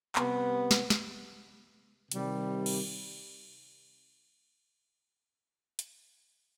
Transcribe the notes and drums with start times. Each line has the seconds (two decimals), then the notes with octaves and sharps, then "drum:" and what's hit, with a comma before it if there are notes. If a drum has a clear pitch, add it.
0.16 C3 G3 B3, drum: clap
0.71 drum: snare
0.90 drum: snare
2.12 C3 D#3 G3, drum: hi-hat
2.66 drum: cymbal
5.79 drum: hi-hat